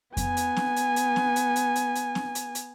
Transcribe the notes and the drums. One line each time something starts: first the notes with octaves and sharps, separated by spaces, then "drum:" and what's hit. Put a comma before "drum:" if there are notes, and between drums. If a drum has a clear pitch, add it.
B3 G#5, drum: kick F2, hi-hat
drum: hi-hat
drum: snare C4
drum: hi-hat
drum: hi-hat
drum: snare C4
drum: hi-hat
drum: hi-hat
drum: hi-hat
drum: hi-hat
drum: snare C4
drum: hi-hat
drum: hi-hat